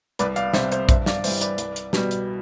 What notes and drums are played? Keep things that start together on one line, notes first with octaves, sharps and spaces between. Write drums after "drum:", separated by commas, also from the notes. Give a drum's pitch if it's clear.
C2 B4 D5, drum: hi-hat
D5 F5, drum: hi-hat
C3 G3 C5 E5, drum: snare
C5 E5, drum: hi-hat
G2 C5 E5, drum: kick A#1, hi-hat
D5 F5, drum: snare
E3 G3 C5 E5, drum: open hi-hat
B4 D5, drum: hi-hat
C2, drum: hi-hat
drum: hi-hat
B2 G3, drum: snare
drum: hi-hat